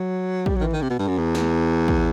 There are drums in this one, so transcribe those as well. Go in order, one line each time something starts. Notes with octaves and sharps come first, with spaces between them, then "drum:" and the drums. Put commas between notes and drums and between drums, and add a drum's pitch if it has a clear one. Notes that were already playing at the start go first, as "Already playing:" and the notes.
Already playing: F#3
G3, drum: kick
F#3
D#3
E3
D#3
C3
B2
G2
F#2
E2
drum: snare
drum: kick